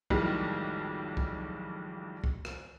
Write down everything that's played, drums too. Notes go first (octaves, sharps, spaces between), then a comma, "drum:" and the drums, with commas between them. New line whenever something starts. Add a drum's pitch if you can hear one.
B1 F2 A2 D#3 G3 G#3, drum: kick C2
drum: kick C2
drum: kick C2
drum: rim click